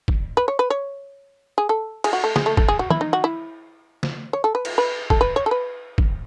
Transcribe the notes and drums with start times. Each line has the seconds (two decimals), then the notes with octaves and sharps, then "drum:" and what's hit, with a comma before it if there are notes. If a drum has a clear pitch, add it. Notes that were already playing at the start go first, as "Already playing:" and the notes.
0.08 drum: kick
0.37 B4
0.48 C#5
0.59 B4
0.70 C#5
1.58 G#4
1.69 A4
2.04 G#4, drum: cymbal
2.13 F#4
2.24 A3
2.36 G#3, drum: snare
2.46 A3
2.57 A3, drum: kick
2.68 G#4
2.79 F#4
2.90 E4, drum: tom
3.01 D#4
3.13 F#4
3.24 E4
4.03 drum: snare
4.33 C#5
4.44 A4
4.55 B4
4.65 drum: cymbal
4.78 B4
5.10 A4, drum: kick
5.21 B4
5.36 C#5
5.46 A4
5.51 B4
5.98 drum: kick